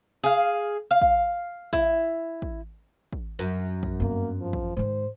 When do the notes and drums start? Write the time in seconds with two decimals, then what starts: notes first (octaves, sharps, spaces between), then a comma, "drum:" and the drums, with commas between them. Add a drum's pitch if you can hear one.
0.24 G#4 F5
0.91 F5
1.02 drum: kick
1.73 E4, drum: kick
2.42 drum: kick
3.13 drum: kick
3.39 F#2
3.83 drum: kick
4.00 G2 A#3 B3
4.41 F3
4.53 drum: kick
4.77 G#2 D#3 C5